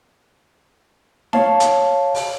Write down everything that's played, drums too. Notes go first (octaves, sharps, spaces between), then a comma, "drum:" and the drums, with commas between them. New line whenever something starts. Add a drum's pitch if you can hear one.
C#5 F5 A5, drum: snare D#4
drum: hi-hat
drum: open hi-hat